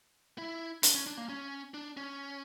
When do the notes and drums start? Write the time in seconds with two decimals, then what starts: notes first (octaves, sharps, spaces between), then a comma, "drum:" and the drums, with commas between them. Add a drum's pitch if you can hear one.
0.38 E4
0.83 D4, drum: hi-hat
0.95 C#4
1.07 D4
1.17 A#3
1.29 C#4
1.74 D4
1.97 C#4